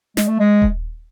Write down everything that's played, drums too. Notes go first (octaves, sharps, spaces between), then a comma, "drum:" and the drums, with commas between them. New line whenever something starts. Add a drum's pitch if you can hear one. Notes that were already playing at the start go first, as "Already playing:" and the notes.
G#3, drum: snare
A3
G#3
drum: kick D#1